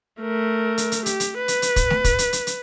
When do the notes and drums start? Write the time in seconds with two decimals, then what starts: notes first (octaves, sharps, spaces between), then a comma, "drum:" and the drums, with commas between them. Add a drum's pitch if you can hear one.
0.21 A3 A#4
0.78 drum: hi-hat
0.92 drum: hi-hat
1.06 G4, drum: hi-hat
1.20 drum: hi-hat
1.38 B4
1.48 drum: hi-hat
1.62 drum: hi-hat
1.76 drum: kick, hi-hat
1.90 drum: snare A3
2.04 drum: kick, hi-hat
2.19 drum: hi-hat
2.33 drum: hi-hat
2.47 drum: hi-hat